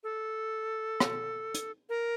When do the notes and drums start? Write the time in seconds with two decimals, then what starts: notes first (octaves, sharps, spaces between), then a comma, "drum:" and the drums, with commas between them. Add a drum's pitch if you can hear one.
0.04 A4
1.00 drum: rim click
1.54 drum: hi-hat
1.89 A#4